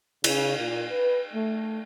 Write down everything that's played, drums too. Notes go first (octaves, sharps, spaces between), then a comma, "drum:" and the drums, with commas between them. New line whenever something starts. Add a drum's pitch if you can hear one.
C#3, drum: cymbal
A#2
B4
A3